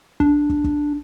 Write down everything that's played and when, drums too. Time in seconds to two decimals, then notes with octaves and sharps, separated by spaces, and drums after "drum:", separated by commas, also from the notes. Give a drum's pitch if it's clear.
0.20 D4, drum: kick
0.50 drum: kick
0.64 drum: kick